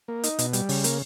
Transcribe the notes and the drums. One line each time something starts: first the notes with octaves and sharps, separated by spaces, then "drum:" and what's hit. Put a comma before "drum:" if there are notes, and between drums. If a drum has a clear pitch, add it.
A#3
D#4, drum: hi-hat
B2, drum: hi-hat
G3, drum: hi-hat
C#3, drum: open hi-hat
A#3, drum: hi-hat